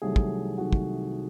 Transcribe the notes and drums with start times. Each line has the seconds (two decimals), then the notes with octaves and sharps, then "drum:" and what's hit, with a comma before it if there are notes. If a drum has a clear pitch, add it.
0.02 C2 C3 D#3 F#3 A3 G#4
0.16 drum: kick
0.58 C3 D#3 F#3 A3 F#4
0.73 drum: kick